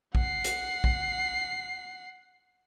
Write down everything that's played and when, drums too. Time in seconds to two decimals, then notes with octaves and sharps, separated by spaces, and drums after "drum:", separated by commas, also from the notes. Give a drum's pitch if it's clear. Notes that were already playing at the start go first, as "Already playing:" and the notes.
0.15 F#5 C7, drum: kick A#1
0.44 drum: hi-hat
0.84 drum: kick A#1